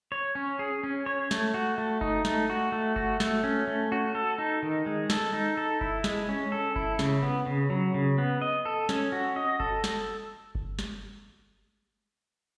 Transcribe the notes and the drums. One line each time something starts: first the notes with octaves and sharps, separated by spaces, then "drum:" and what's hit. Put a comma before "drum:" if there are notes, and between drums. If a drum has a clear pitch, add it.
C#5
C#4
G#4
C#4
C#5
A3, drum: snare
F#4
A3
D#4, drum: kick F#1
A3, drum: snare
F#4
A3
F#4, drum: kick F#1
A3, drum: snare
C#4
A3
F#4
A4
D#4
D#3
G#3
A4, drum: snare
D#4
A4
E4, drum: kick F#1
G#3, drum: snare
C#4
A4
E4, drum: kick F#1
C#3, drum: snare
B3
C#3
F#3
C#3
B3
D#5
A4
C#4, drum: snare
F#4
D#5
A4, drum: kick F#1
drum: snare
drum: kick F#1
drum: snare